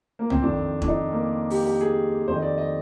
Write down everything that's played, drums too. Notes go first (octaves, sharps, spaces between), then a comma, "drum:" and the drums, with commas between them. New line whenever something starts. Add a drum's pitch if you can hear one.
A#3
C4, drum: tom
F2 D#3 D4
D4, drum: kick E1
D#4
A#3
G4, drum: open hi-hat
G4
G#4
F2 D#3 C5
D#5
D5
D#5